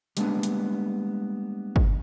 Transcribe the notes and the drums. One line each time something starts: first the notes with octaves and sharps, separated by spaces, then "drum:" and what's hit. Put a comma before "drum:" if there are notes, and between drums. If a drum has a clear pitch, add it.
G3 G#3 A#3 B3 C#4 D4, drum: hi-hat
drum: hi-hat
drum: kick